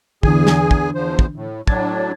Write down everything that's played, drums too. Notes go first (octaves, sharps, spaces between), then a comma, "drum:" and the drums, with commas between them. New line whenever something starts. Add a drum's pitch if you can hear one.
E2 D3 E3 D4 G#4 G#5, drum: kick
drum: snare
drum: kick
E2 F3 C5
drum: kick
A2
A2 F#3 D4 G#6 A6, drum: kick